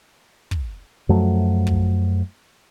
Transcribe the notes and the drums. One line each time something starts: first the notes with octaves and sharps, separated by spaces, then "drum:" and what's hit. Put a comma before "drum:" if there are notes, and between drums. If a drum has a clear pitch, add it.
drum: kick
F#2 F3 F#3 A3
drum: kick